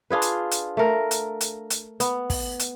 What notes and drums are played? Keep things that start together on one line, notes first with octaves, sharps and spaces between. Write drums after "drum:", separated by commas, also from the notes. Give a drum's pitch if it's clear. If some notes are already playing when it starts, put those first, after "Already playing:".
D4 F4 G#4 B4
drum: hi-hat
drum: hi-hat
A3 A#4
drum: hi-hat
drum: hi-hat
drum: hi-hat
B3, drum: hi-hat
drum: kick, open hi-hat
drum: hi-hat